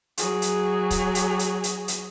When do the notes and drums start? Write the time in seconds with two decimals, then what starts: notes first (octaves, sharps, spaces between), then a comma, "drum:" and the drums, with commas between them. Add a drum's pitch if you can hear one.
0.17 F#3 G#4, drum: hi-hat
0.42 drum: hi-hat
0.91 drum: kick C#1, hi-hat
1.15 drum: hi-hat
1.39 drum: hi-hat
1.64 drum: hi-hat
1.88 drum: hi-hat